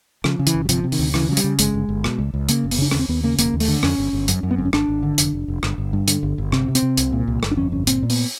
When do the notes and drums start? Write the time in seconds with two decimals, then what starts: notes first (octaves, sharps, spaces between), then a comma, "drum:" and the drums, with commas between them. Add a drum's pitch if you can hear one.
0.24 C#3 F3, drum: rim click
0.39 C#3
0.47 E3, drum: hi-hat
0.54 G1
0.65 F#3
0.69 C3 F3, drum: hi-hat
0.84 C3
0.92 D#3, drum: open hi-hat
0.99 D2
1.14 C#3 E3, drum: rim click
1.29 C#3 F#3
1.37 G3, drum: hi-hat
1.44 C#3
1.59 G1 G#3, drum: hi-hat
1.74 G1
1.89 G1
2.04 B2, drum: rim click
2.19 C#2
2.34 C#2
2.49 C#3 A#3, drum: hi-hat
2.64 F#1
2.71 B3, drum: open hi-hat
2.78 C#3 D4
2.91 D#2 C#4, drum: rim click
2.99 C4
3.09 D#2 B3
3.23 C#3 A#3
3.39 E1 A#3, drum: hi-hat
3.54 D#2
3.60 A3, drum: open hi-hat
3.68 D3
3.83 F2 C#4, drum: rim click
3.98 G1
4.13 G1
4.28 F#2, drum: hi-hat
4.43 F#2
4.51 B3
4.58 G1 C4
4.65 C#4
4.73 G#1 D4, drum: rim click
4.88 G#1
5.03 D3
5.18 F1, drum: hi-hat
5.33 F1
5.48 F1
5.63 G1, drum: rim click
5.78 G1
5.93 G2
6.08 D3, drum: hi-hat
6.23 G1
6.38 G1
6.52 C3 C4, drum: rim click
6.68 C3
6.75 C4, drum: hi-hat
6.82 C3
6.97 C2, drum: hi-hat
7.12 A#2
7.27 C2
7.43 G1, drum: rim click
7.51 D4
7.57 F2 C#4
7.72 G1 C#4
7.87 A#2 C4, drum: hi-hat
8.03 A#2
8.10 B3, drum: open hi-hat